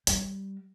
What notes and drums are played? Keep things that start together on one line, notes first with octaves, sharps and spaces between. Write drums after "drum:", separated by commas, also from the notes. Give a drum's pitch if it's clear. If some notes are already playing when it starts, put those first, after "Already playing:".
G3, drum: hi-hat